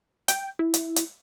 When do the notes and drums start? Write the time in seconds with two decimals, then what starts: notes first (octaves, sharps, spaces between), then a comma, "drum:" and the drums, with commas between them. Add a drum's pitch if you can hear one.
0.28 G5, drum: hi-hat
0.59 E4
0.74 drum: hi-hat
0.96 drum: hi-hat